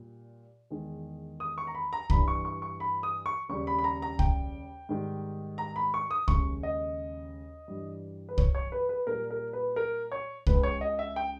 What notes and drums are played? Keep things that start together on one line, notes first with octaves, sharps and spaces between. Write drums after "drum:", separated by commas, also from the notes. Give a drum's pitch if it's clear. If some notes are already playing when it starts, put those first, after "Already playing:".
Already playing: A#2 G3
E2 D#3 G#3
D#6
C#6
A#5
B5
A#5
G2 E3 G3 B5, drum: kick C2
C#6
C#6
C#6
B5
D#6
C#6
D#2 C#3 G3 C#6
B5
B5
A#5
A#5
G5, drum: kick C2
G#2 D#3 G3
A#5
B5
C#6
D#6
D#2 C#3 G#3 C#6, drum: kick C2
D#5
G2 E3 G3
B4
C#5, drum: kick C2
C#5
B4
B4
A#2 G3 A#4
A#4
B4
A#4
C#5
C#2 C#3 G#3 B4, drum: kick C2
C#5
D#5
E5
G5